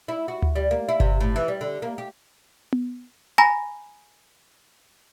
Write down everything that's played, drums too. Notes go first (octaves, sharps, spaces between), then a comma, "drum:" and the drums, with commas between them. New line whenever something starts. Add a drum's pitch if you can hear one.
E4
F#4
drum: tom D2
G3
A#3
E4
C3, drum: kick G1
A2
E3
G3
D3
A#3
G4
drum: tom B3
G#5 A#5 B5 A#6